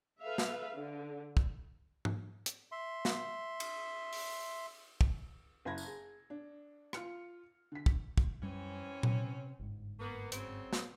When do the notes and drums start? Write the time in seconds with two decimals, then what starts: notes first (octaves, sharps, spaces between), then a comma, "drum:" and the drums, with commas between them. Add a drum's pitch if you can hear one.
0.22 A4 B4 E5 F5
0.38 drum: snare
0.75 D3
1.37 drum: kick
2.05 drum: tom G#2
2.46 drum: hi-hat
2.72 E5 C6
3.05 drum: snare
3.60 drum: cymbal
4.13 drum: open hi-hat
5.01 drum: kick
5.65 F#1 E4 B5 G#6 A#6
5.78 drum: tambourine
5.87 G#4
6.30 D4
6.93 F4 F6 C#7, drum: rim click
7.72 D3 B6
7.86 drum: kick
8.18 drum: kick
8.42 F#2 E3 G3 C4 C#4
9.03 C3, drum: tom A#2
9.59 G1 G#2
10.00 A#3 B3
10.32 C#3 F#3 C4, drum: hi-hat
10.73 drum: snare